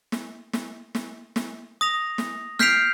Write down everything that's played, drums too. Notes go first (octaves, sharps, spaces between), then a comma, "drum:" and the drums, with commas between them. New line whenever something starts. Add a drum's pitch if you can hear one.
drum: snare
drum: snare
drum: snare
drum: snare
D#6 A#6 F7
drum: snare
F6 G6 B6 C7 D7 F7, drum: snare